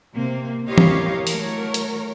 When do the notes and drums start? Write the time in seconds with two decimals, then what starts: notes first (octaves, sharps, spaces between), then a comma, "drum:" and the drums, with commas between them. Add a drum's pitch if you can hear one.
0.13 C3 A#3 C4
0.67 E4 G4 A#4 C#5 D#5 F5
0.78 drum: tom E3
1.27 E3 F#3 A3 A#4 C#5, drum: open hi-hat
1.74 drum: hi-hat